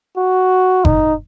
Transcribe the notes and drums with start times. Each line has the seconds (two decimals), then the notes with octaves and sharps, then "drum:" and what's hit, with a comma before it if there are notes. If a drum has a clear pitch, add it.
0.17 F#4
0.85 D#4, drum: kick F#1